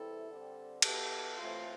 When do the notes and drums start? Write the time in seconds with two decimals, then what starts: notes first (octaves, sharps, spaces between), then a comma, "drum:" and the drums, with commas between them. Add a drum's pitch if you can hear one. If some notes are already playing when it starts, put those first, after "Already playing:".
Already playing: E2 C3 G3 C4 E4 A4
0.27 D3 G3 C4
0.82 B2 B3 E4 G4 A4, drum: cymbal
1.38 A2 E3 A3 C4 F4